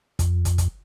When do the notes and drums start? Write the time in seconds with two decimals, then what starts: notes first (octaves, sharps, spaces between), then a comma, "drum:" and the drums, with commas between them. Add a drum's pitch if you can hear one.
0.19 F2, drum: kick, hi-hat
0.45 drum: kick, hi-hat
0.58 drum: kick, hi-hat